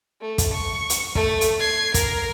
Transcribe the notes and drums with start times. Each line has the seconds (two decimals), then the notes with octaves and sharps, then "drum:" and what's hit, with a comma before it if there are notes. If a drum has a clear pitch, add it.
0.22 A3
0.38 drum: kick, hi-hat
0.53 C#6
0.90 drum: hi-hat
1.15 A3, drum: kick
1.41 drum: hi-hat
1.60 G#6 C7
1.94 A#4, drum: kick, hi-hat